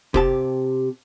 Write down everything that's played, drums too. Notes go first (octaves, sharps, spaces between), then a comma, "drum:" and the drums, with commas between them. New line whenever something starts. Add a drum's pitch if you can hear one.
C3 G4 A5, drum: kick